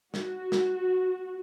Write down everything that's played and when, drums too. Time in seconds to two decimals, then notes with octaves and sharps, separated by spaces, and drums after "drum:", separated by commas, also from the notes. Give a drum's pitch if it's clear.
0.14 F#4, drum: snare
0.52 drum: snare